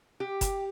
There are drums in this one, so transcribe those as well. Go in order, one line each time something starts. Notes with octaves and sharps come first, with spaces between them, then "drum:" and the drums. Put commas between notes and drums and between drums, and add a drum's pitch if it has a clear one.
G4
drum: kick F#1, hi-hat